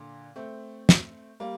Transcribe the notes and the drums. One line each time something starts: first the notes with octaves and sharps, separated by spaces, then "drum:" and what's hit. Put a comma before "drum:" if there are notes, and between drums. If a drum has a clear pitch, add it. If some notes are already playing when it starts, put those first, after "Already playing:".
Already playing: A#2 D3
A3 C4
drum: snare
G3 A#3